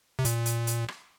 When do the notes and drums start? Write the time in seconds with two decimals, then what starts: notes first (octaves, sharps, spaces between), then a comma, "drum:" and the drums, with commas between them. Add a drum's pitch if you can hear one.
0.19 C3
0.25 A#2, drum: hi-hat
0.46 drum: hi-hat
0.67 drum: hi-hat
0.88 drum: rim click